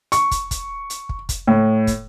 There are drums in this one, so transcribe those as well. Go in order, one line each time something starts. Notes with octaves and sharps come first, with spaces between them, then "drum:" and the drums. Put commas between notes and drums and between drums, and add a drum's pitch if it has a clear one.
C#6, drum: hi-hat
drum: kick, hi-hat
drum: kick, hi-hat
drum: hi-hat
drum: kick
drum: kick, hi-hat
A2
drum: kick, hi-hat